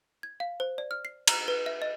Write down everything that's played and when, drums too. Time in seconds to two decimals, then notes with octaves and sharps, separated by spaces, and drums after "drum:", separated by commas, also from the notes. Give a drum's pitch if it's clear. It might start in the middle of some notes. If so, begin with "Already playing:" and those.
0.23 G#6
0.40 F5
0.60 C5
0.78 D5
0.91 F6
1.05 C7
1.28 A#5, drum: cymbal
1.48 B4
1.66 E5
1.82 D#5